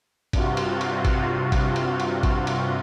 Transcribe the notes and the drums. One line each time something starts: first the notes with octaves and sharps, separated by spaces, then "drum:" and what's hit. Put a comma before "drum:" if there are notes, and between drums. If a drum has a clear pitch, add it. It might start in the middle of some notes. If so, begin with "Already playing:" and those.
G2 C3 F4 F#4, drum: kick A1, cymbal
drum: cymbal
drum: cymbal
drum: kick A1, cymbal
drum: kick A1, cymbal
drum: cymbal
drum: cymbal
drum: kick A1, cymbal
drum: cymbal